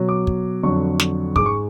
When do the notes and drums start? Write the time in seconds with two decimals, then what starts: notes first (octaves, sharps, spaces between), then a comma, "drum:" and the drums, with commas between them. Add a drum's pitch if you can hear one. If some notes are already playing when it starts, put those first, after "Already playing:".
Already playing: B2 F#3
0.09 D6
0.27 drum: kick
0.63 F2 D3 F#3 C#6
1.00 drum: snare
1.36 G#2 G#3 D6, drum: kick
1.46 C#6